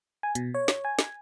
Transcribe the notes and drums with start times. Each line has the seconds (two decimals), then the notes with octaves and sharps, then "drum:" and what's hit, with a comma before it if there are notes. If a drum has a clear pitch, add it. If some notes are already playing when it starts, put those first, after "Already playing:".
0.23 G#5
0.35 B2, drum: hi-hat
0.54 C#5
0.68 drum: snare
0.85 G#5
0.99 drum: snare